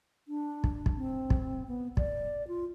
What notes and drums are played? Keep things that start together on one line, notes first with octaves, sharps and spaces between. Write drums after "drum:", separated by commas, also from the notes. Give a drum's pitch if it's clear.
D4
drum: kick
drum: kick
C4
drum: kick
B3
D5, drum: kick
F4